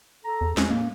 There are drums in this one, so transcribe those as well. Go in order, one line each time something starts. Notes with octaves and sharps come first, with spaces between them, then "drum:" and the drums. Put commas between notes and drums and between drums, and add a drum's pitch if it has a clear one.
A4 A#5
E2
G#3 C#4, drum: snare
A2 F3 A#3